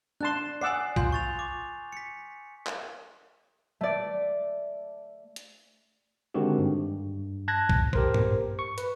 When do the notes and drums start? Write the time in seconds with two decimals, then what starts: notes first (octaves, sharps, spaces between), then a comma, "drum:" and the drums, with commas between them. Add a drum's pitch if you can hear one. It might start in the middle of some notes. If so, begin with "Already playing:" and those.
0.21 D4 A5 C6 F#6 E7
0.61 D5 F#5 G#5 D#6 E6 C7
0.96 F4 G#5 C6 G6, drum: kick
1.12 C#6 A6 F7
1.39 D6
1.93 B6 C#7
2.66 drum: clap
3.81 A3 D5
5.36 drum: hi-hat
6.34 D3 D#3 G#3 C4 F#4 G4
6.59 G2
7.48 A5 F#6 G#6 A#6
7.69 drum: kick
7.93 G4 A#4 C5, drum: kick
8.14 drum: tom G2
8.59 C#6
8.78 B4, drum: hi-hat